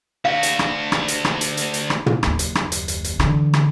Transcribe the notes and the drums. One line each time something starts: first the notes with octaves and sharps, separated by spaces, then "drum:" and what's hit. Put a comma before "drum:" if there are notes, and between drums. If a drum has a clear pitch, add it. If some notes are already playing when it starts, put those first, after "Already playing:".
D2 F#4 F5
drum: hi-hat
drum: rim click
drum: rim click
drum: hi-hat
drum: rim click
drum: hi-hat
drum: hi-hat
drum: hi-hat
drum: rim click
drum: tom
F#1 D#2, drum: rim click
drum: hi-hat
drum: rim click
drum: hi-hat
drum: hi-hat
drum: hi-hat
D3 E3, drum: rim click
drum: rim click